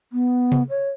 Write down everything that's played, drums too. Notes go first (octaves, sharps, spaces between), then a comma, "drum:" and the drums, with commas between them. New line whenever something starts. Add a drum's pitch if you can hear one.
B3
drum: tom C3
C#5